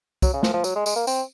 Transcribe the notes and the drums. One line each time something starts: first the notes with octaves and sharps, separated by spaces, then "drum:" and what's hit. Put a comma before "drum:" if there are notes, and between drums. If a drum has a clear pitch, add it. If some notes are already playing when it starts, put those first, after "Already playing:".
F#3, drum: kick, tambourine
C#3
F3, drum: snare
F3
F#3, drum: tambourine
G#3
G#3, drum: tambourine
A#3
C4, drum: tambourine